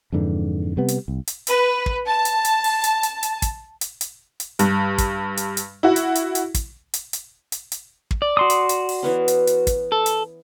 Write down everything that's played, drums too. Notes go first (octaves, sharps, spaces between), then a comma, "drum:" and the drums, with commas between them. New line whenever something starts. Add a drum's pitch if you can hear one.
F2 G#2 D3 E3
C3 G3 B3
drum: hi-hat
C2
drum: hi-hat
B4, drum: hi-hat
drum: kick
A5
drum: hi-hat
drum: hi-hat
drum: open hi-hat
drum: hi-hat
drum: hi-hat
drum: hi-hat
drum: kick, hi-hat
drum: hi-hat
drum: hi-hat
drum: hi-hat
G2, drum: hi-hat
drum: kick, hi-hat
drum: hi-hat
drum: hi-hat
E4 F#4
drum: hi-hat
drum: hi-hat
drum: hi-hat
drum: kick, hi-hat
drum: hi-hat
drum: hi-hat
drum: hi-hat
drum: hi-hat
drum: kick
D5
F#4 C6 D#6
drum: hi-hat
drum: hi-hat
drum: open hi-hat
E3 B3 C#4
drum: hi-hat
drum: hi-hat
drum: kick, hi-hat
A4
drum: hi-hat